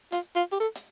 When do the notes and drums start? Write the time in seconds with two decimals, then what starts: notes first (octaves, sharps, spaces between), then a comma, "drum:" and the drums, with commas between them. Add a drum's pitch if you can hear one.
0.12 F4, drum: hi-hat
0.36 F4
0.52 G4
0.60 A4
0.75 drum: hi-hat